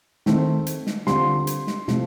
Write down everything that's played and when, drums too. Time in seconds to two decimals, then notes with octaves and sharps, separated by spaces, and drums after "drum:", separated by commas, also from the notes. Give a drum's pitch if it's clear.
0.26 D#3 A3 C4, drum: snare
0.67 drum: hi-hat
0.87 drum: snare
1.07 D3 G3 C4 F4 C6, drum: snare
1.47 drum: hi-hat
1.67 drum: snare
1.88 C3 F3 A3, drum: snare